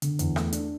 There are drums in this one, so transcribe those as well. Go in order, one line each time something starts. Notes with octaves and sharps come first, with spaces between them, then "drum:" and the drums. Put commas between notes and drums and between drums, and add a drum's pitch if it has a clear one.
D3, drum: hi-hat
E2, drum: hi-hat
A3, drum: rim click
D4, drum: hi-hat